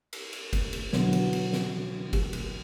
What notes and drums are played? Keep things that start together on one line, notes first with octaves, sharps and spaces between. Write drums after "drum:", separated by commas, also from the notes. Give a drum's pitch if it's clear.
drum: cymbal
drum: cymbal
drum: kick F#1, cymbal
drum: cymbal
B2 D3 E3 F#3 B3, drum: snare
drum: cymbal
drum: cymbal
drum: snare
drum: kick F#1, cymbal
drum: cymbal